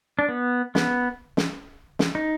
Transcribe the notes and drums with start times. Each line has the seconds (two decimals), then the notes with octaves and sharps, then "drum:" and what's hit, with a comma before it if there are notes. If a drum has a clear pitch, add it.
0.19 D4
0.29 B3
0.75 B3, drum: snare
1.37 drum: snare
1.99 drum: snare
2.15 D#4